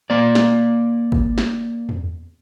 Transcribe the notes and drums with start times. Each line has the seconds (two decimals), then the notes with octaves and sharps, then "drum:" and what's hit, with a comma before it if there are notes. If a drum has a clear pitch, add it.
0.10 A#3 D5
0.35 drum: snare
1.12 drum: kick
1.38 drum: snare
1.89 drum: tom